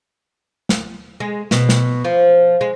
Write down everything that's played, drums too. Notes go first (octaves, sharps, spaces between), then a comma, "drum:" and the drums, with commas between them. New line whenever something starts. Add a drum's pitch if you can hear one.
drum: snare
G#3
B2, drum: snare
drum: snare
F3
G#3